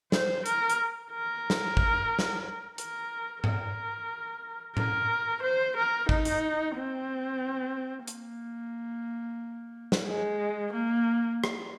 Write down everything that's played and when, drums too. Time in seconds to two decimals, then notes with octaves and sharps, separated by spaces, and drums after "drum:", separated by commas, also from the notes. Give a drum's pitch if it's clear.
0.12 C5, drum: snare
0.46 A#4, drum: hi-hat
0.70 drum: hi-hat
1.12 A#4
1.50 drum: snare
1.77 drum: kick
2.19 drum: snare
2.78 A#4, drum: hi-hat
3.44 A#4, drum: tom G#2
4.77 A#4, drum: tom A2
5.42 C5
5.76 A#4
6.09 D#4, drum: kick
6.25 drum: hi-hat
6.76 C4
8.07 A#3, drum: hi-hat
9.92 drum: snare
10.08 G#3
10.73 A#3
11.44 drum: rim click